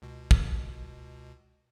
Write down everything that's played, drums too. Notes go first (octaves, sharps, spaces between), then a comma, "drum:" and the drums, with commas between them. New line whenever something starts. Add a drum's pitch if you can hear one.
C#2 B2
drum: kick